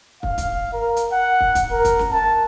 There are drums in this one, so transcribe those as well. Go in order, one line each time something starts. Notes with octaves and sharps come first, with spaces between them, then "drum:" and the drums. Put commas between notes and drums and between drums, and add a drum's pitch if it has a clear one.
F5, drum: kick
drum: kick, hi-hat
A#4
drum: hi-hat
F#5
drum: kick
drum: kick, hi-hat
A#4
drum: kick, hi-hat
drum: snare
A5